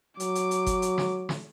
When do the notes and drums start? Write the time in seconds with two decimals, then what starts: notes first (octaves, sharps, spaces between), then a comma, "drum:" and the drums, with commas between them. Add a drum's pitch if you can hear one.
0.20 F#3 D6, drum: hi-hat
0.35 drum: hi-hat
0.51 drum: hi-hat
0.66 drum: kick G1, hi-hat
0.82 drum: hi-hat
0.98 drum: snare
1.29 drum: snare